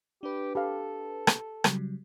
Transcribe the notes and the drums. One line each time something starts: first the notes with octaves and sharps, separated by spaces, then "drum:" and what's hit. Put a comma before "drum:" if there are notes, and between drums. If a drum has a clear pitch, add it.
D4 G4 B4
G4 A4 F5
drum: rim click
C#3 F#3 G3, drum: rim click